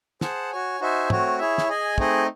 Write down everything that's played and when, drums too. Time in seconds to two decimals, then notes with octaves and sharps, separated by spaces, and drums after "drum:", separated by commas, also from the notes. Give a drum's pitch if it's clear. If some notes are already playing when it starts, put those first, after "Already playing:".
0.21 G#4 C5 F#5 A5, drum: snare
0.52 F#4 C#5 G#5
0.81 D#4 F#4 C5 E5 G#5
1.10 A3 C4 F#4 C#5, drum: tom
1.38 E4 G#4 C#5 E5
1.58 drum: snare
1.69 G#4 D#5 G#5
1.98 A3 C4 D#4 G#4 D#5, drum: kick